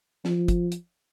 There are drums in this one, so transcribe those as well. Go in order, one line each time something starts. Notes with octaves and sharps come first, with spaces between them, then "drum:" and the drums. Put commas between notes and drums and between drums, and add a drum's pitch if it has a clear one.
F3, drum: snare
drum: kick, hi-hat
drum: hi-hat